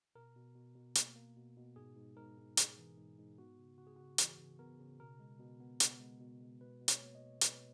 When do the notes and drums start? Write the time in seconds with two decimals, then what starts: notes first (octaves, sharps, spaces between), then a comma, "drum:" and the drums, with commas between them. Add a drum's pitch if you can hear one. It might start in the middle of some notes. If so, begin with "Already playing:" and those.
0.15 B2 A#4
0.35 B2
0.56 B2
0.75 B2
0.95 A#3, drum: hi-hat
1.16 A#3
1.36 B2
1.56 B2
1.76 G#2 G#4
1.97 G#2
2.17 G#2 A#4
2.38 G#2
2.57 G#2 G#4, drum: hi-hat
2.78 E3
2.97 G#2
3.18 G#2
3.38 B3 F#4
3.59 C#3
3.78 C#3 F#4
3.87 G#4
3.96 C#3 F#4
4.18 E3 G#4, drum: hi-hat
4.39 C#3
4.59 B3 A#4
4.79 C#3
5.00 B2 A#4
5.20 G#3
5.40 B2
5.60 B3
5.80 B3, drum: hi-hat
6.00 G#3
6.20 B2
6.41 G#3
6.61 B2 B4
6.81 B2
6.88 C#5, drum: hi-hat
7.01 A#3
7.15 D#5
7.21 B2
7.41 B2 B4, drum: hi-hat